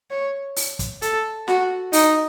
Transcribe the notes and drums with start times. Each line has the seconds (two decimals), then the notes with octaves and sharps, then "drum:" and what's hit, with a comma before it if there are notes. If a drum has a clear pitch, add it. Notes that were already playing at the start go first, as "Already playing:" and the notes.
0.11 C#5
0.56 drum: open hi-hat
0.79 drum: kick, hi-hat
1.02 A4, drum: hi-hat
1.48 F#4, drum: snare
1.93 D#4, drum: open hi-hat